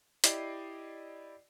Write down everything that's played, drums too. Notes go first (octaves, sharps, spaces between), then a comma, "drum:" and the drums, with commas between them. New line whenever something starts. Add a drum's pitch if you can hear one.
E4 G4 D5 D#5 C7, drum: hi-hat